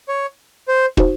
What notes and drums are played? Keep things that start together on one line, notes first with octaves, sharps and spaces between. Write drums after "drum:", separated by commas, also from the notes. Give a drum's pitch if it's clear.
C#5
C5
D#4 F#4 C5, drum: kick